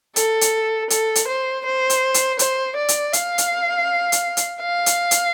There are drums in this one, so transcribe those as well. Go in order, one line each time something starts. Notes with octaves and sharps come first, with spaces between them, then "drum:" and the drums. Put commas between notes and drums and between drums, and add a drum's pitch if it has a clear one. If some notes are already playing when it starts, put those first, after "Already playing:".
A4, drum: hi-hat
drum: hi-hat
A4, drum: hi-hat
drum: hi-hat
C5
C5
drum: hi-hat
drum: hi-hat
C5, drum: hi-hat
D5
drum: hi-hat
F5, drum: hi-hat
drum: hi-hat
drum: hi-hat
drum: hi-hat
F5
drum: hi-hat
drum: hi-hat